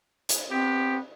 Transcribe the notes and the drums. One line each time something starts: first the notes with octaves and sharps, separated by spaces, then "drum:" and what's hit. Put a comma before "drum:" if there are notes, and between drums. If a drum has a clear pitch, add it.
drum: hi-hat
B3 C4 G4